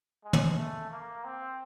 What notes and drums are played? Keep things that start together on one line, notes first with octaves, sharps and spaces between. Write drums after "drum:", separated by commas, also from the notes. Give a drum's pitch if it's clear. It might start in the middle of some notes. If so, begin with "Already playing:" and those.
G#3
drum: tom
A3
A#3
C4